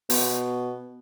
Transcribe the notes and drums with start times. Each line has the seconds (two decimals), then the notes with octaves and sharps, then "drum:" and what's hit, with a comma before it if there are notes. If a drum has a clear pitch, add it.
0.10 B2, drum: open hi-hat